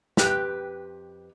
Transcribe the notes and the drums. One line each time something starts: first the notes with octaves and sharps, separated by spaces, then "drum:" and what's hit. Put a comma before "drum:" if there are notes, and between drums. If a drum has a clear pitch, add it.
F2 G4 B4 G5, drum: snare